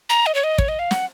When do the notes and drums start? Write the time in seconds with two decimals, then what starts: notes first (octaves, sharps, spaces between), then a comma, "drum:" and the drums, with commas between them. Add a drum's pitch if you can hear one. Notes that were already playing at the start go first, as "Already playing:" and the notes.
0.10 A#5
0.26 D#5
0.35 C#5
0.44 D#5
0.58 C#5, drum: kick
0.68 D#5
0.79 F5
0.91 F#5, drum: snare